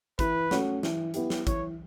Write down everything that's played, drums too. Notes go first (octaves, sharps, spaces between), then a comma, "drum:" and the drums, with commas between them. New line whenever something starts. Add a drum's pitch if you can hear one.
E3 B4, drum: kick G#1, hi-hat
A3 C#4 F#4, drum: snare
E3, drum: snare
B3 E4 G4, drum: hi-hat
drum: snare
E3 C#5, drum: kick G#1, hi-hat